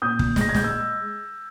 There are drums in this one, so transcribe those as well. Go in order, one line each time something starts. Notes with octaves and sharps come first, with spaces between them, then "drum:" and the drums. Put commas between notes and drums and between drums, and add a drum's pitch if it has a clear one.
A#2 D#6 G6
A#2, drum: kick
G#3 A#6, drum: snare
G#6
G#3 G6, drum: snare
E6